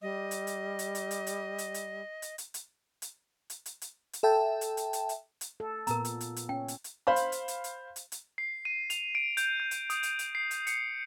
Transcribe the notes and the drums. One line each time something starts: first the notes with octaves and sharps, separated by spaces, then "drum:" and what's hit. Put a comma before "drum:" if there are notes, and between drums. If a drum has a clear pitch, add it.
G3 D#5
drum: hi-hat
drum: hi-hat
drum: hi-hat
drum: hi-hat
drum: hi-hat
drum: hi-hat
drum: hi-hat
drum: hi-hat
drum: hi-hat
drum: hi-hat
drum: hi-hat
drum: hi-hat
drum: hi-hat
drum: hi-hat
drum: hi-hat
drum: hi-hat
A4 E5 G5 A5
drum: hi-hat
drum: hi-hat
drum: hi-hat
drum: hi-hat
drum: hi-hat
A4
A#2 B3 A#4 A#5, drum: hi-hat
drum: hi-hat
drum: hi-hat
drum: hi-hat
C#4 G5
drum: hi-hat
drum: hi-hat
C5 F5 B5
drum: hi-hat
drum: hi-hat
drum: hi-hat
drum: hi-hat
drum: hi-hat
drum: hi-hat
C7
D#7
F7, drum: hi-hat
D7
G6, drum: hi-hat
G6
drum: hi-hat
D#6, drum: hi-hat
drum: hi-hat
drum: hi-hat
C7
drum: hi-hat
C#7, drum: hi-hat